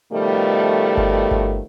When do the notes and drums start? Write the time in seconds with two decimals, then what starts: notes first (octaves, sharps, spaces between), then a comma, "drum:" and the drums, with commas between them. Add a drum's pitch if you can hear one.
0.13 B2 D#3 F3 G3 A3
0.97 drum: kick G1
1.31 drum: kick G1